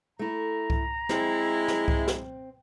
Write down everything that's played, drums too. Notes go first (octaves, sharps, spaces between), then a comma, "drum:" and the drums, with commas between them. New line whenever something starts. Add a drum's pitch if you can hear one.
A3 E4 A#5
drum: kick C2
G#3 C4 E4, drum: snare
drum: snare
drum: kick C2
drum: snare